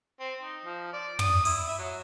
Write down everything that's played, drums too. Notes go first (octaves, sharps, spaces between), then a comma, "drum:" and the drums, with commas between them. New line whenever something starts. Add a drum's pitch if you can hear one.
C4
D#4
F3
D5
D#6, drum: tom
E4, drum: open hi-hat
E5
F#3